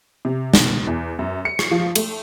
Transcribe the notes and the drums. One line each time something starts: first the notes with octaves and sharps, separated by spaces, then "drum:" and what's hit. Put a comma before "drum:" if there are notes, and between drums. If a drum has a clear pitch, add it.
C3
B2, drum: snare
E2
F#2
C#7
drum: rim click
F3
A3, drum: cymbal